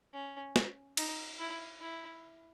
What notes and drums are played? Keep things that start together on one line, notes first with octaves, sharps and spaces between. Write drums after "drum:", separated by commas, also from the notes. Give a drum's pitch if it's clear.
C#4
drum: snare
D#4, drum: cymbal
E4
E4